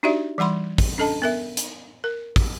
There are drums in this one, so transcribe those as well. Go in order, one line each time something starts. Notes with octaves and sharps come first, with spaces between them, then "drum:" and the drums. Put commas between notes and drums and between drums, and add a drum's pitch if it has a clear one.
D4 D#4 F#4 G4 D5 E5
E3 G3 F#5 B5 C6
drum: kick, open hi-hat
C#4 D4 A4 D#5 A5
B3 A#4 E5
drum: hi-hat
A#4
drum: kick, open hi-hat